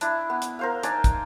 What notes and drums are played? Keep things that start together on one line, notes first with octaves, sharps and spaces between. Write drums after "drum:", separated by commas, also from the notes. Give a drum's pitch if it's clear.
D4 E4, drum: hi-hat
B3
drum: hi-hat
A#4 C5 F5
D4 D#4 D5 G#5, drum: hi-hat
drum: kick, hi-hat